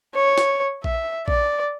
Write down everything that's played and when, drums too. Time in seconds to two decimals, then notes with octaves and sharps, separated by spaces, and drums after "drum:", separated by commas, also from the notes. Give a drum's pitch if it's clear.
0.15 C#5
0.38 drum: snare
0.84 E5, drum: kick A#1
1.28 D5, drum: kick A#1